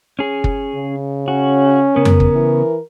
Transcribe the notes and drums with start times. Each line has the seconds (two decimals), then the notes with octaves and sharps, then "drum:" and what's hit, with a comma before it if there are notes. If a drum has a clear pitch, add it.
0.19 C#4 G#4
0.44 drum: kick
0.75 C#3
1.28 C#4 F#4
1.96 C#3 B3 A#4
2.05 drum: tom F2
2.20 drum: kick
2.35 E3